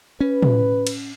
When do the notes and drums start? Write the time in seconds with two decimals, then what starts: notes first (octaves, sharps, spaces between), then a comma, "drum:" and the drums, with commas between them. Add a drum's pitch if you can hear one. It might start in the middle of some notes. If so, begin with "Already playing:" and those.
0.20 C#4 B4
0.43 drum: tom
0.87 drum: cymbal